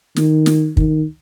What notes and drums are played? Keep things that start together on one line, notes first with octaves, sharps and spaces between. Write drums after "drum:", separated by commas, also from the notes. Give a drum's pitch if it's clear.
D#3, drum: snare
drum: snare
D#3, drum: kick